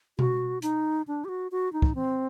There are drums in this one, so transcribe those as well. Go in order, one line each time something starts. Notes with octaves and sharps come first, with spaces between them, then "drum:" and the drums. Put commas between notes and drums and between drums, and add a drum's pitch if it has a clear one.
F#4, drum: tom B2
D#4, drum: hi-hat
D4
G4
F#4
F#4
D#4
drum: kick
C4